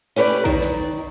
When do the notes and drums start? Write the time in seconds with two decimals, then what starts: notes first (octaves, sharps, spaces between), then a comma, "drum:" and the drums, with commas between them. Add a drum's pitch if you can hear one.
0.16 C#4 G4 B4 C#5 D5
0.45 D#3, drum: kick
0.62 drum: snare